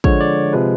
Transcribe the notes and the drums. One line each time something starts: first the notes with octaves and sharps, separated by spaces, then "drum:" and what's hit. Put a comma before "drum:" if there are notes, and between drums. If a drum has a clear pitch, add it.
D3 F3 G#3 C#5, drum: kick
D5
C3 F3 G#3 B4